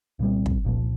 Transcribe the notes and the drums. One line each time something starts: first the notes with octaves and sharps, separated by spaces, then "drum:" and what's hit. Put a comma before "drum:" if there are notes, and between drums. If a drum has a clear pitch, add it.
C2 A#2 G3 C4
drum: kick
C2 A#2 F3